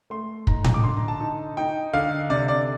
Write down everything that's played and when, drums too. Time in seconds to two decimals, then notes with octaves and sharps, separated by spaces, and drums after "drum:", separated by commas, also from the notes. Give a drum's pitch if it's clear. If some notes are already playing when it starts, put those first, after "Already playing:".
0.10 A3 C6
0.47 D#4 A#5, drum: kick
0.64 drum: tom A2
0.74 D6
0.84 D3 C6
0.97 A#5
1.08 A5
1.20 D#4
1.57 D#4 G5
1.93 D3 F5
2.30 C3 D5
2.48 D5